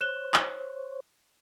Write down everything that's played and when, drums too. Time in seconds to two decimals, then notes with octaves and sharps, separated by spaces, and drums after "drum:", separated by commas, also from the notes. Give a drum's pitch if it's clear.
0.01 C5 C#5 F#6 E7 G7
0.34 drum: clap